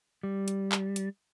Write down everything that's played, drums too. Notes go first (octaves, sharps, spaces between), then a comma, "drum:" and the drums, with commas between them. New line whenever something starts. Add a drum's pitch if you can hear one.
G3
drum: hi-hat
drum: clap
drum: hi-hat